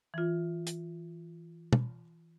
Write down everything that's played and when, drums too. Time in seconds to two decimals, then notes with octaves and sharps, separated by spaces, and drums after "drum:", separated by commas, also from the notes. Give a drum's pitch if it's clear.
0.14 E3 F4
0.67 drum: hi-hat
1.73 drum: tom B2